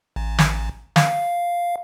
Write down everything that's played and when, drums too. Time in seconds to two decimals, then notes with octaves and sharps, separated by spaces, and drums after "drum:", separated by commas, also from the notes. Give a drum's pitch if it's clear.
0.16 A1
0.39 drum: snare
0.96 F5, drum: snare